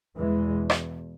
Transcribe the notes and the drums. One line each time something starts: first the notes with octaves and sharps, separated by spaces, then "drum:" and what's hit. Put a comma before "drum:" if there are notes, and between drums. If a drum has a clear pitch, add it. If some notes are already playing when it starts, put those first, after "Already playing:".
E2 B2 E3 G#3
drum: rim click